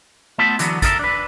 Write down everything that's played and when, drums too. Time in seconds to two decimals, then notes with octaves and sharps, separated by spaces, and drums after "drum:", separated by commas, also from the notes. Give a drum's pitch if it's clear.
0.38 A3 B3 F4 E5 A5
0.59 D3 E3 F#3 B3, drum: hi-hat
0.82 A4 A#4 D#5 E5, drum: kick, hi-hat
0.99 D4 B4